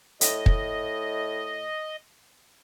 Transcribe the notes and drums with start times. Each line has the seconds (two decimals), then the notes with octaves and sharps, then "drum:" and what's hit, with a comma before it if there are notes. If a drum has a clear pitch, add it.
0.21 A2 D#5, drum: hi-hat
0.46 drum: kick